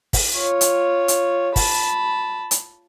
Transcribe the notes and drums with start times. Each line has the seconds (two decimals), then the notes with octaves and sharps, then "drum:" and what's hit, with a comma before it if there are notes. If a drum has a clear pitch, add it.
0.13 drum: kick, open hi-hat
0.36 F4 C#5
0.61 drum: hi-hat
1.08 drum: hi-hat
1.56 A5 B5, drum: kick, open hi-hat
2.51 drum: hi-hat